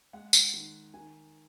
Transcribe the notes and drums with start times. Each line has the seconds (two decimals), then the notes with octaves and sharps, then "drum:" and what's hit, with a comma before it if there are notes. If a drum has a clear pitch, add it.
0.13 G#3 F#5
0.33 drum: tambourine
0.54 D#3
0.94 D#3 G#5